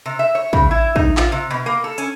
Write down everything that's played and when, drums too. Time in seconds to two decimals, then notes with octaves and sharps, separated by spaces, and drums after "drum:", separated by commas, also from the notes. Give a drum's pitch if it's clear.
0.06 C3
0.19 E5
0.35 C#5
0.53 C#3, drum: kick
0.71 E4
0.96 D#4, drum: kick
1.17 F4, drum: clap
1.32 C3
1.50 B2
1.66 A#3
1.84 A4
1.98 C#4, drum: hi-hat